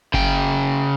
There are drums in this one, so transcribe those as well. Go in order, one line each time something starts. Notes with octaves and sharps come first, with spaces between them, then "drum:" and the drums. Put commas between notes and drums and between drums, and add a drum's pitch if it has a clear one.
C#3 G5, drum: kick F#1